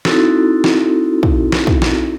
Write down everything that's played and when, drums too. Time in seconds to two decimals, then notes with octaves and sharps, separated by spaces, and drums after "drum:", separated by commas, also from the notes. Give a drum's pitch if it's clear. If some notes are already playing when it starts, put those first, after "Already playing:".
0.05 C4 D#4 E4 F#4 A4, drum: snare
0.64 drum: snare
1.23 drum: kick
1.52 drum: snare
1.67 drum: kick
1.82 drum: snare